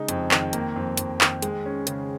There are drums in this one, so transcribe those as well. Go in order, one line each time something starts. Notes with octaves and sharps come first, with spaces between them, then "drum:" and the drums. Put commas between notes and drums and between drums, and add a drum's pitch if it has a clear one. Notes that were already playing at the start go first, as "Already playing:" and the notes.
Already playing: C#3 G#3 D#4
F2, drum: hi-hat
D#3, drum: clap
A#3, drum: hi-hat
F2
F2, drum: hi-hat
D#3, drum: clap
G#3, drum: hi-hat
C#4
C#3, drum: hi-hat